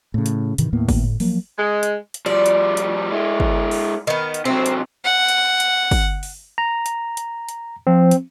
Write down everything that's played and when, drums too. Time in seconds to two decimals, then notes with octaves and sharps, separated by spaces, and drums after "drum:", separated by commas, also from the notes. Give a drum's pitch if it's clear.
0.14 A2 C#3
0.26 drum: hi-hat
0.58 G#2 C3 D#3 E3, drum: hi-hat
0.73 D#2 A2 A#3 B3
0.89 drum: kick, open hi-hat
1.03 A2
1.20 F3 F#3 A#3, drum: open hi-hat
1.58 G#3
1.83 drum: hi-hat
2.14 drum: hi-hat
2.26 F3 G3 D5
2.46 drum: hi-hat
2.77 drum: hi-hat
3.12 G#3 E4
3.40 drum: kick
3.71 drum: open hi-hat
4.07 D#3 B3
4.34 drum: hi-hat
4.45 C3 F#3 C4
4.66 drum: hi-hat
5.05 F#5
5.29 drum: hi-hat
5.60 drum: hi-hat
5.91 drum: kick, open hi-hat
6.23 drum: open hi-hat
6.58 A#5
6.86 drum: hi-hat
7.17 drum: hi-hat
7.49 drum: hi-hat
7.87 F3 C4
8.11 drum: hi-hat